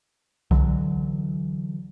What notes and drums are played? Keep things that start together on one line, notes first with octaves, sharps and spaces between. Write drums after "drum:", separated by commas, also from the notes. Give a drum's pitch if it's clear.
D3 E3 F#3, drum: kick C2